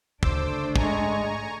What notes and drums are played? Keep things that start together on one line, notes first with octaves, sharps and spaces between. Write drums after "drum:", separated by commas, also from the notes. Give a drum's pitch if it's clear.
D2 C#3 A3 D4 C5 D6 E6, drum: kick
G#2 G#3 G#5 A#5 C#6, drum: kick